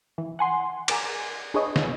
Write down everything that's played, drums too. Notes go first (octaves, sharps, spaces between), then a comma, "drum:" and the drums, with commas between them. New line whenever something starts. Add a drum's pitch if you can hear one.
E3
F#5 G#5 C6
G#4 A#4 D6, drum: cymbal
D4 G#4 B4 C#5 D#5
drum: snare